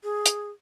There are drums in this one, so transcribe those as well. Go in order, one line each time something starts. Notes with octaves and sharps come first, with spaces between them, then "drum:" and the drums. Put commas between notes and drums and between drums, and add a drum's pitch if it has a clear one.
G#4
drum: hi-hat